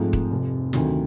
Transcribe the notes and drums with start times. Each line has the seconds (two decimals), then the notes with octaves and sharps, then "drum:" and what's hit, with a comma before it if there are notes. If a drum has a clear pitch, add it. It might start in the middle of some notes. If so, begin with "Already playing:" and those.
Already playing: G#2 F3 A3 C4
0.13 drum: kick D#1
0.30 F1 F2 C3
0.73 D2 C3 D#3 F#3, drum: snare